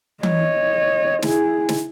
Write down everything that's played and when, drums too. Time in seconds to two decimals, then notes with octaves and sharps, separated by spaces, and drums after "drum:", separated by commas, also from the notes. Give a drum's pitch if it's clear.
0.23 C#5 D#5, drum: tom E3
1.22 E4 G#4, drum: snare
1.69 drum: snare